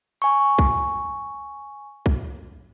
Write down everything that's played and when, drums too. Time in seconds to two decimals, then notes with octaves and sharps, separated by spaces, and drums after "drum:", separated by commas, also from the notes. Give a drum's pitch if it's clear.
0.22 G#5 C#6
0.59 drum: kick B1
2.06 drum: kick B1